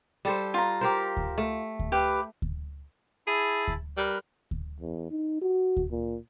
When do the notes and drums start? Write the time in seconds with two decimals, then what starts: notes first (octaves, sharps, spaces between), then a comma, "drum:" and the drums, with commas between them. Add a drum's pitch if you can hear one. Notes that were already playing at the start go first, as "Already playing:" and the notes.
0.25 G3 A4 C5
0.54 F4 A#5
0.81 G4 A#4 C5
1.17 drum: kick D2
1.38 A3
1.79 drum: kick D2
1.92 G4 B4 F5
2.42 drum: kick D2
3.27 E4 G#4 A5 B5
3.68 drum: kick D2
3.97 G3 A#4 B4
4.51 drum: kick D2
4.81 E2
5.11 D#4
5.42 F#4
5.77 drum: kick D2
5.91 A#2